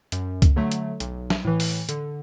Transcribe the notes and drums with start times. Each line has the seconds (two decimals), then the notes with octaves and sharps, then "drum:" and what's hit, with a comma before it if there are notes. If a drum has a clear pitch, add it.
0.12 F#2, drum: hi-hat
0.42 drum: kick C#2, hi-hat
0.56 D3 F#3 A3
0.72 drum: hi-hat
1.00 B1, drum: hi-hat
1.30 drum: snare
1.44 A2 E3
1.60 drum: open hi-hat
1.89 D3, drum: hi-hat